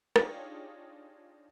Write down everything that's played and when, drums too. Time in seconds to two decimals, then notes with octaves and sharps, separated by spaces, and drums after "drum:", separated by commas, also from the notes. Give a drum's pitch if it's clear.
0.16 D4 D#4 F4 G4 G#4 C#5, drum: rim click